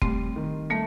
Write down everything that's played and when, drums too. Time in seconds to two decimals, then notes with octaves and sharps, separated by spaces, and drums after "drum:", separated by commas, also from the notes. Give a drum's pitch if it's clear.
0.02 G3 A3 C4, drum: kick F1
0.36 D#3
0.70 G3 A3 A#3